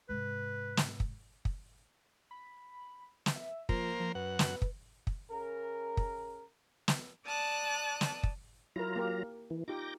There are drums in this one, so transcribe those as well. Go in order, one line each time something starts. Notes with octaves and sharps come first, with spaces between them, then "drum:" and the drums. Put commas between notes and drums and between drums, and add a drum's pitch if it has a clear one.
G#2 C3 B4
drum: snare
drum: kick
drum: kick
B5
drum: snare
E5
F3 A#3 A#4 C5, drum: kick
F3
F#2 B4 F#5
drum: snare
drum: kick
drum: kick
C#3 A#4
drum: kick
drum: snare
D5 A5 D#6 F#6
drum: snare
drum: kick
F#3 E4 F4 A#4 A#5
A#3 G4 A#4
E3
D#4 F4 G4 D6 G6 A#6